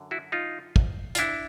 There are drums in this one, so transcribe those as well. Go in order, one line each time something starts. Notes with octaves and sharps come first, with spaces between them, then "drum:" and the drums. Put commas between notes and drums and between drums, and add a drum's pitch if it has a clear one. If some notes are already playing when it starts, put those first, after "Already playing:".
Already playing: F#2 D3 F#3
E4 F#4
D#4 F4
drum: kick
F4, drum: hi-hat
D4 E4